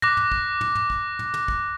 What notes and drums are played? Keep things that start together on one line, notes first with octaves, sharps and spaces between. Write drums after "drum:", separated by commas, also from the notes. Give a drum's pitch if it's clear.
D6 F#6 A#6, drum: tom
drum: tom
drum: kick
drum: tom
drum: tom
drum: kick
drum: tom
drum: tom
drum: kick